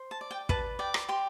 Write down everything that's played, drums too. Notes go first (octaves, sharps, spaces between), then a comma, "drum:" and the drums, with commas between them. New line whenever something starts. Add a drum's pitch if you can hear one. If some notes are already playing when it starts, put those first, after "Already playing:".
Already playing: C5
A5
D5
G5
B4 A5, drum: kick
D5 G5
drum: rim click
G4 C6